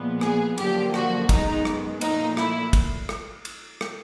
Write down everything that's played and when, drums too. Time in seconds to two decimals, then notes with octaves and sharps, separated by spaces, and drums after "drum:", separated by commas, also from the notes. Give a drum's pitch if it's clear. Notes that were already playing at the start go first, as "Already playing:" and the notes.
Already playing: A#2 F3 G#3 B3
0.21 G#4, drum: rim click
0.58 F#2 D3 F3 A#3 G4, drum: cymbal
0.94 F#4, drum: rim click
1.29 F#2 D#3 G#3 B3 D#4, drum: kick, cymbal
1.65 drum: rim click
2.01 A#2 F3 A3 D#4, drum: cymbal
2.37 E4, drum: rim click
2.73 drum: kick, cymbal
3.09 drum: rim click
3.45 drum: cymbal
3.81 drum: rim click